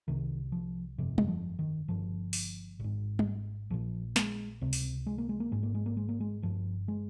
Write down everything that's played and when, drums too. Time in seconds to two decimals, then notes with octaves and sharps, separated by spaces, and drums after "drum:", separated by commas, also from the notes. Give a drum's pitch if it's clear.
0.08 C2 C3 D#3
0.52 F3
0.98 G1 F2 C3
1.18 drum: tom
1.28 F3
1.59 D#3
1.88 G1 G2 F3
2.33 drum: open hi-hat
2.80 G#1 G#2
3.19 drum: tom
3.70 A#1 A#2 F3
4.16 G#3, drum: snare
4.61 C#2 C3 C4
4.73 drum: open hi-hat
5.07 G#3
5.18 A#3
5.29 G#3
5.40 A#3
5.52 G#1 G#2 G#3
5.63 A#3
5.75 G#3
5.86 A#3
5.97 G#3
6.09 A#3
6.20 G#3
6.42 G1 G2 F3
6.88 G#3